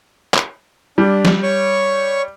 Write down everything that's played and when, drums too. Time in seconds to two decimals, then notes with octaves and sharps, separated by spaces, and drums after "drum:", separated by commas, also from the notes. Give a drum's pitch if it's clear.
0.34 drum: clap
0.98 G3 D4
1.25 drum: snare
1.43 C#5 C#6